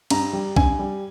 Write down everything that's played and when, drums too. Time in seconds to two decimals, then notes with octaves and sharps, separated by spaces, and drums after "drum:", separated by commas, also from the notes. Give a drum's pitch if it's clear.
0.10 G2 A#5, drum: cymbal
0.33 G3
0.56 G2 G#5, drum: kick B1
0.79 G3